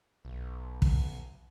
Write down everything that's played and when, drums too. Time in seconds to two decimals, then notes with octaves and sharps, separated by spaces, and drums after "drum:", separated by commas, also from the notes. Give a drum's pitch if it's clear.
0.25 B1
0.82 drum: kick